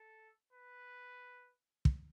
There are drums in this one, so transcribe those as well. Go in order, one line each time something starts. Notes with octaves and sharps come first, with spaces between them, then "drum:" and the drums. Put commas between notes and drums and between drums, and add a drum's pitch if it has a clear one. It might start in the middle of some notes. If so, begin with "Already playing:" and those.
Already playing: A4
B4
drum: kick